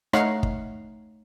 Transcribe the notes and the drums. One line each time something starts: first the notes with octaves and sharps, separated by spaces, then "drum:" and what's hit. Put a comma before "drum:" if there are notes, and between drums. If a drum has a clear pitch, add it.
A3 D#4 C#5 F5 F#5, drum: rim click
drum: kick